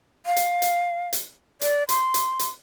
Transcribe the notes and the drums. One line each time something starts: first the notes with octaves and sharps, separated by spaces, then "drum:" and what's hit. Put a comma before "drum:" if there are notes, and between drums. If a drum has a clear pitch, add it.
F5
drum: hi-hat
drum: hi-hat
drum: hi-hat
D5, drum: hi-hat
C6, drum: hi-hat
drum: hi-hat
drum: hi-hat